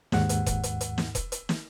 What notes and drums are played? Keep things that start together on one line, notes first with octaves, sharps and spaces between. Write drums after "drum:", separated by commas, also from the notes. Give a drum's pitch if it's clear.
D#2 G#2 F#5, drum: snare
drum: hi-hat
drum: kick E1, hi-hat
drum: hi-hat
drum: hi-hat
drum: snare
drum: kick E1, hi-hat
drum: hi-hat
drum: snare